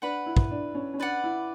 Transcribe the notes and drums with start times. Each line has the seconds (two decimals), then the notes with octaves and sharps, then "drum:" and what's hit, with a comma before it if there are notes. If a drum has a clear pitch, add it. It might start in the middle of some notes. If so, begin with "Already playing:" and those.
0.02 D4 B4 F#5 B5
0.26 E4
0.37 drum: kick
0.51 D4
0.75 C#4
0.94 C#4
0.99 D4 B4 D5 F#5
1.24 E4